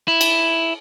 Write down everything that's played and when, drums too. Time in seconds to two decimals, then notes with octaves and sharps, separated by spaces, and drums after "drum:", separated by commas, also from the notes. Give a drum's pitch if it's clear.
0.08 E4
0.21 drum: cymbal